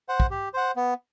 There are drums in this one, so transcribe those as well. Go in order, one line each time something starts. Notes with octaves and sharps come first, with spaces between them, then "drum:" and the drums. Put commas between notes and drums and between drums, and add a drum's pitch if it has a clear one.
C5 F#5
drum: kick
G4
C5 F#5
B3